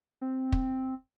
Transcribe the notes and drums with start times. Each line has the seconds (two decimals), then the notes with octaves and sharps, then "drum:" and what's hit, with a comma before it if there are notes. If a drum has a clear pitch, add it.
0.21 C4
0.52 drum: kick